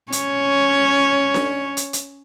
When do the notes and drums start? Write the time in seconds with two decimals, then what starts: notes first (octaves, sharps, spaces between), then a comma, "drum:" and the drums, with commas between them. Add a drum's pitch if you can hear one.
0.12 C#4 C#5, drum: hi-hat
1.34 drum: snare D4
1.77 drum: hi-hat
1.93 drum: hi-hat